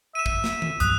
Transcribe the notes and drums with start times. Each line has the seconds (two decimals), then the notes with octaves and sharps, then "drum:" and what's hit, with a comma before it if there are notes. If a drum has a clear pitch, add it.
0.15 E5 D#7 E7
0.26 drum: kick
0.44 drum: snare
0.62 drum: tom D#3
0.80 E2 G2 D#6 F#6, drum: hi-hat